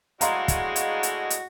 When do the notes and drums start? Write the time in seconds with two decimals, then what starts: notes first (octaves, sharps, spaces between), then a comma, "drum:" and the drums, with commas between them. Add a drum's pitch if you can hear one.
0.21 A2 D3 G#3 F#4 D#5 F5 A#5 C6, drum: hi-hat
0.48 drum: kick, hi-hat
0.76 drum: hi-hat
1.03 drum: hi-hat
1.30 drum: hi-hat